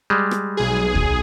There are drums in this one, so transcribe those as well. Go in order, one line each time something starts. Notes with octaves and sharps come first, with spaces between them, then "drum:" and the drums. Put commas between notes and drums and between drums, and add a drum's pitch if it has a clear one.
G3 G#3
drum: rim click
B1 G#4
drum: kick D2